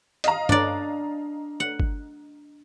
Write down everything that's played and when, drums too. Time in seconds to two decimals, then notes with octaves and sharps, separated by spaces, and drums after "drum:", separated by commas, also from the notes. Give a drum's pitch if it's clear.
0.24 D#5 F5 A#5, drum: hi-hat
0.49 D4 D5, drum: tom G2
1.60 F#5
1.80 drum: kick